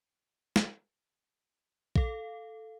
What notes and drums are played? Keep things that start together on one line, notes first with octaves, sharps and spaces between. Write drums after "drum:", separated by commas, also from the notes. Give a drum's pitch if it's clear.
drum: snare
A4 F5, drum: kick A#1